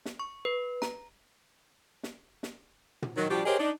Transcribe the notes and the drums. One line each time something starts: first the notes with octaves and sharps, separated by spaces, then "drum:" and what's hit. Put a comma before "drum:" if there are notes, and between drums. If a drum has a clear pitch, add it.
drum: snare
C#6
B4
A#5, drum: snare
drum: snare
drum: snare
drum: tom
D#3 F#3
F3 G3 D4 F#4 G4
G4 G#4 A#4 C5 C#5 D#5
D4 D#4